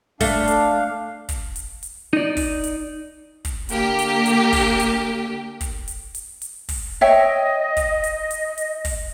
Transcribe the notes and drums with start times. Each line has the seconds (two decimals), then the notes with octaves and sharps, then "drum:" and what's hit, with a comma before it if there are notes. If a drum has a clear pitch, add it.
0.21 A3 D4 F5, drum: kick, open hi-hat
0.48 drum: hi-hat
1.29 drum: kick, hi-hat
1.56 drum: hi-hat
1.83 drum: hi-hat
2.13 D#4 D5
2.37 drum: kick, open hi-hat
2.64 drum: hi-hat
3.45 drum: kick, hi-hat
3.69 D3 A#3 G4, drum: hi-hat
3.99 drum: hi-hat
4.26 drum: hi-hat
4.53 drum: kick, open hi-hat
4.80 drum: hi-hat
5.61 drum: kick, hi-hat
5.88 drum: hi-hat
6.15 drum: hi-hat
6.42 drum: hi-hat
6.69 drum: kick, open hi-hat
7.01 C#5 D#5 E5 G5
7.77 drum: kick, hi-hat
8.04 drum: hi-hat
8.31 drum: hi-hat
8.58 drum: hi-hat
8.85 drum: kick, open hi-hat